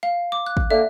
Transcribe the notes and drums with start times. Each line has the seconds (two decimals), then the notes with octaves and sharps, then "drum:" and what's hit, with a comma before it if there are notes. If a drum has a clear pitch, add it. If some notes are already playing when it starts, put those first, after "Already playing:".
0.03 F5
0.32 D6
0.46 F#6
0.57 drum: kick
0.71 D3 A#3 E5